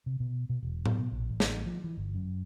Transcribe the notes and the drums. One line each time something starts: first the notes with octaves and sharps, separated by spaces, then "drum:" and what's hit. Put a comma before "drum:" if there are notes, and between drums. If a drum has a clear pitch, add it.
C3
B2
B2
E1
B3, drum: tom A2
B2
A#1
A1
drum: snare
F3
E3
G1
F#2